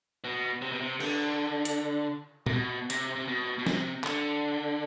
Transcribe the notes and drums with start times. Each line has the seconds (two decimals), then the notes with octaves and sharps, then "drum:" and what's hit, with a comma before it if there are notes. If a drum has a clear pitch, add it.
0.24 B2
0.62 C3
0.72 B2
0.81 C3
1.00 D3, drum: cymbal
1.65 drum: hi-hat
2.46 C3, drum: tom
2.52 B2
2.90 C3, drum: hi-hat
3.16 C3
3.28 B2
3.59 B2
3.66 C3, drum: snare
4.04 D3, drum: clap